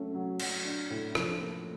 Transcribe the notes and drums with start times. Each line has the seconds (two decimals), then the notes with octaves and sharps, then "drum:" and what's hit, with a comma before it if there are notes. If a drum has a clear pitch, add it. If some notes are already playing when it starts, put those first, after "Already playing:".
Already playing: F#3 A3 C#4
0.14 F#3
0.40 F#3, drum: cymbal
0.65 D4
0.90 A2
1.15 F3, drum: rim click
1.41 A#3